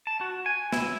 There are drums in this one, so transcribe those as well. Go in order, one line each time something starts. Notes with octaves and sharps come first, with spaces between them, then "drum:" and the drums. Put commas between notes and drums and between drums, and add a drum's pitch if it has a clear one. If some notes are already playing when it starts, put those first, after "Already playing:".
A5
F#4
G#5
E4, drum: snare